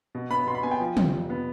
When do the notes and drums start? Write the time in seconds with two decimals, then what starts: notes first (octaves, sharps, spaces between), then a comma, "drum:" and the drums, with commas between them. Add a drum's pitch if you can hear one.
0.15 B2
0.30 B3 B5
0.47 B2 C6
0.55 B5
0.63 B3 G#5
0.71 G5
0.80 F3
0.97 C3, drum: tom
1.13 F2
1.30 B3